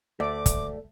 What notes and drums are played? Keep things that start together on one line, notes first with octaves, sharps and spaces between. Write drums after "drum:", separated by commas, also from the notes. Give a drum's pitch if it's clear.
D2 A3 D5 D6
drum: kick, hi-hat